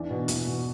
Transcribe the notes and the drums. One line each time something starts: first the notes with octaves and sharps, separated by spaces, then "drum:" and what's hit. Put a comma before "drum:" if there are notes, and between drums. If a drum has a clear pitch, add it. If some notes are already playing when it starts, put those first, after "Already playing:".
Already playing: E2 D4
B2
E2, drum: hi-hat
B2